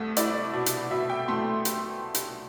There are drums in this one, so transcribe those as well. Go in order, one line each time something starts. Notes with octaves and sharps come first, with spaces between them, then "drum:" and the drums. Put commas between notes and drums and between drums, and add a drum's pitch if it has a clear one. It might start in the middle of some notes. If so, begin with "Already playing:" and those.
Already playing: C2 A3
E4 D5, drum: hi-hat
B2
drum: hi-hat
B2 E5
G5
A3 C6
drum: hi-hat
drum: hi-hat